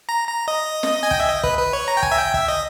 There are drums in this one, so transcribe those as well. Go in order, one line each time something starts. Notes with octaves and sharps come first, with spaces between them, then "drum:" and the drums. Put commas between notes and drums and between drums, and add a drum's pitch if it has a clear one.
A#5
A#5
D#5
drum: snare
G#5
G5, drum: kick
E5
D#5
B4, drum: kick
B4
C#5
A#5
G5
G#5, drum: kick
E5
G5
E5, drum: kick
D#5